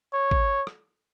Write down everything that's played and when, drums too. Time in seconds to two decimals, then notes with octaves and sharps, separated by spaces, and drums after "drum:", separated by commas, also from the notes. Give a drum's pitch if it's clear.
0.14 C#5
0.31 drum: kick
0.67 drum: rim click